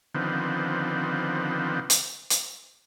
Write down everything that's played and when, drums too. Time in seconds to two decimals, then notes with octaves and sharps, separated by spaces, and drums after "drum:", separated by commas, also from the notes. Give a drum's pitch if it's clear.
0.15 D3 D#3 F3 B3 C4
1.90 drum: hi-hat
2.30 drum: hi-hat